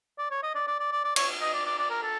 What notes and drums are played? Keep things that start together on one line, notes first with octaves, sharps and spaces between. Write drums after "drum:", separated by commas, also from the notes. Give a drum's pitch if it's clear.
D5
C#5
D#5
D5
D5
D5
D5
D5
C#5, drum: cymbal
D#5
D5
D5
D5
A#4
A4